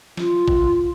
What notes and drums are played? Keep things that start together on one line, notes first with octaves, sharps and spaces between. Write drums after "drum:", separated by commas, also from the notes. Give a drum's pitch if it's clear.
F4, drum: snare
drum: kick